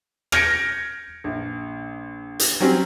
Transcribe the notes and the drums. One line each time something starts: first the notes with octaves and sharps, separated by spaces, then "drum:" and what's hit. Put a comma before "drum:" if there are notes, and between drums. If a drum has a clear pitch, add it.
F6 G6 G#6 A#6 C#7 D7, drum: rim click
A#1
drum: hi-hat
F#3 G3 C4 C#4